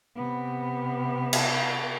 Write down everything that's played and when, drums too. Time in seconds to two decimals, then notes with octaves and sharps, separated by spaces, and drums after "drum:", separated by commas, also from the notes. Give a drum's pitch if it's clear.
0.16 C3 B3
1.33 drum: cymbal